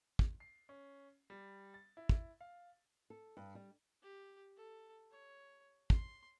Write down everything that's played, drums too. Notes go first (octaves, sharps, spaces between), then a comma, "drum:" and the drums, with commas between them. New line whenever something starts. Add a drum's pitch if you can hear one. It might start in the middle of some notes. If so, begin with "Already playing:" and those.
drum: kick
C7
C#4
G3
A6
E4
drum: kick
F5
A4
G2
G3
G4
A4
C#5
C6, drum: kick